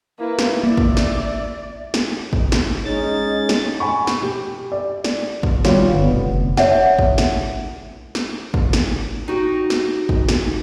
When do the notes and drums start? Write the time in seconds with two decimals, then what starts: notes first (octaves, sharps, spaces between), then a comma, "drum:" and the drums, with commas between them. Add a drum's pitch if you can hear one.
0.19 A#3 E4 B4
0.39 drum: snare
0.63 A#3 D5 E5
0.77 drum: kick
0.97 drum: snare
1.94 drum: snare
2.33 drum: kick
2.52 drum: snare
2.85 G#3 C#4 D#4 A6
3.49 drum: snare
3.80 G#5 B5 C#6
4.07 drum: snare
4.23 G4
4.72 D5
5.04 drum: snare
5.43 drum: kick
5.65 G3 F4 C#5, drum: snare
5.93 G1 B3
6.11 F1
6.57 C#5 E5 F#5, drum: snare
6.99 drum: kick
7.18 drum: snare
8.15 drum: snare
8.54 drum: kick
8.73 drum: snare
9.28 D#4 F#4 G4
9.70 drum: snare
10.09 drum: kick
10.29 drum: snare